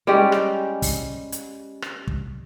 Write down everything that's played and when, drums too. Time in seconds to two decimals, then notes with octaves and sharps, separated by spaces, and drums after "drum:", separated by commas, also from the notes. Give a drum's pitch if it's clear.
0.07 G3 G#3 C#4 G4
0.32 drum: rim click
0.82 drum: kick, open hi-hat
1.32 drum: hi-hat
1.82 drum: rim click
2.07 drum: kick